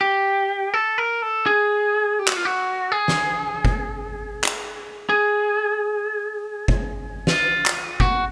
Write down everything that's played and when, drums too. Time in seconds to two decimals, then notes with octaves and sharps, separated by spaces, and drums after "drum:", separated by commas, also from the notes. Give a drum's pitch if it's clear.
0.01 G4
0.74 A4
0.98 A#4
1.22 A4
1.46 G#4
2.19 G4
2.28 F#4, drum: clap
2.37 F4
2.45 F#4
2.92 G#4
3.08 drum: snare
3.65 drum: kick
4.44 drum: clap
5.09 G#4
6.68 drum: kick
7.27 F4, drum: snare
7.66 drum: clap
8.00 F#4, drum: kick